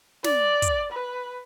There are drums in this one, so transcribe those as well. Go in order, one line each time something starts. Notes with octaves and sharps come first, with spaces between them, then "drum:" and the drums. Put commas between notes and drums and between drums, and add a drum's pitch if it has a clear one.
D5, drum: snare
drum: kick, hi-hat
B4